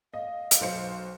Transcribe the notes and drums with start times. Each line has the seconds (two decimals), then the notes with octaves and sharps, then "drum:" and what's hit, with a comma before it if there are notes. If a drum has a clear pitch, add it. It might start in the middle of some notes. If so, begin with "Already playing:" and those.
0.14 D#5 F5
0.51 drum: hi-hat
0.61 B1 C5 C#7